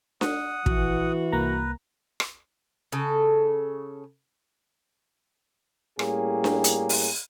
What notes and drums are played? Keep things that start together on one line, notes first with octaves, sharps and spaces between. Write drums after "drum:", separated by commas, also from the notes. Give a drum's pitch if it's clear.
F#5 D#6, drum: snare D4
A#1 E3 F#4, drum: kick
C2 A#3 B4 A#5
drum: rim click
C#3 A4
A2 G3 A#3 C#4 G#4, drum: rim click
drum: snare D4
drum: hi-hat
drum: open hi-hat